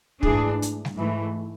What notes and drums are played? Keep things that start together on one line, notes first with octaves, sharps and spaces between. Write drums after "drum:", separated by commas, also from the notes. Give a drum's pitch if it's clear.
G#2 E3 A3 D4 G#4, drum: kick
drum: hi-hat
drum: snare G3
G#2 E3 A3